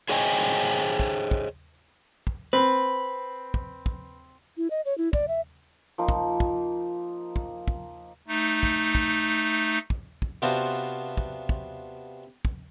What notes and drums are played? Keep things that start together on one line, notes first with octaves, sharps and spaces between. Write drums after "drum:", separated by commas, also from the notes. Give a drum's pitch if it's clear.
G#4 C5 C#5 D#5 G5 G#5
drum: kick
drum: kick
drum: kick
C4 B4
drum: kick
drum: kick
E4
D#5
C#5
E4
D5, drum: kick
E5
F3 A#3 D#4
drum: kick
drum: kick
drum: kick
drum: kick
A3 D#4
drum: kick
drum: kick
drum: kick
drum: kick
C3 B3 D4 F4 F#4 C5
drum: kick
drum: kick
drum: kick